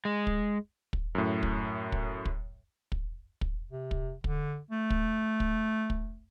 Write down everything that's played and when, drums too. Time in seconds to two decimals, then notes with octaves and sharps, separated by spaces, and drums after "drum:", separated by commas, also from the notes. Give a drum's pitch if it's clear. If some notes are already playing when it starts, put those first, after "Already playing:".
0.05 G#3
0.27 drum: kick
0.93 drum: kick
1.15 F#2 A2
1.43 drum: kick
1.92 drum: kick
2.25 drum: kick
2.92 drum: kick
3.41 drum: kick
3.71 C3
3.91 drum: kick
4.24 D3, drum: kick
4.71 A3
4.90 drum: kick
5.40 drum: kick
5.90 drum: kick